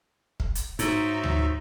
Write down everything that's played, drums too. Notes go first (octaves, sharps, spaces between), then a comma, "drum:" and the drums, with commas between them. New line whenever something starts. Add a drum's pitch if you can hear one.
drum: kick
drum: hi-hat
G#2 D#4 F#4 C#5 E5, drum: hi-hat
drum: tom D2